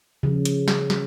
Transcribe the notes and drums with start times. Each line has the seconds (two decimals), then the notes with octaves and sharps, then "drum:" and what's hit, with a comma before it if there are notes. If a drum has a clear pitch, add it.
0.23 C#3 F3
0.45 drum: hi-hat
0.68 drum: snare
0.90 drum: snare